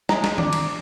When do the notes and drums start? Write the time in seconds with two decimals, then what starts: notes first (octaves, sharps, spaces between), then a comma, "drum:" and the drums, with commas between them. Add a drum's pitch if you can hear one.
0.09 G#3 A#5, drum: snare
0.24 drum: snare
0.38 D4, drum: tom D#3
0.53 drum: cymbal